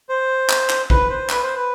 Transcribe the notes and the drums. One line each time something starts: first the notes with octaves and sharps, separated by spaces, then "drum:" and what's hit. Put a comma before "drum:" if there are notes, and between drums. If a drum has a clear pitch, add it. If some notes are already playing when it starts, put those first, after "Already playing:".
C5
drum: clap
drum: clap
B4, drum: kick A#1
C5
B4, drum: clap
C5
B4